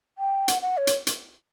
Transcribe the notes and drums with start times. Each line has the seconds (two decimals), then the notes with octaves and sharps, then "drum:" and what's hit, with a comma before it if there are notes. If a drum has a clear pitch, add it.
0.18 G5
0.48 F#5, drum: hi-hat
0.62 F#5
0.77 C#5
0.87 drum: hi-hat
1.07 drum: hi-hat